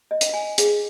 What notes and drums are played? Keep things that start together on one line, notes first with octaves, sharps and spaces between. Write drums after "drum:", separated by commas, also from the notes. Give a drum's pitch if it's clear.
D#5
drum: hi-hat
G#5
G#4, drum: hi-hat